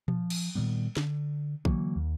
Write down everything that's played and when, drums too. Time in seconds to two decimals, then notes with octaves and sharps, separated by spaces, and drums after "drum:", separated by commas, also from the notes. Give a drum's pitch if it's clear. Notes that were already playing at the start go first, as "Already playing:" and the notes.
0.08 F3, drum: tom A#2
0.30 drum: cymbal
0.55 A#2 D#3 G3 B3
0.97 D3, drum: snare
1.65 D3 E3 F#3 A#3, drum: kick
1.96 D#2